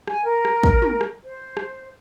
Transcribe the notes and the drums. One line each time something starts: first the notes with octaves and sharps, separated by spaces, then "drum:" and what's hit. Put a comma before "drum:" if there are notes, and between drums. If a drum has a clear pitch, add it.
G#5, drum: rim click
A#4
drum: rim click
drum: kick
drum: tom
drum: rim click
C5
drum: rim click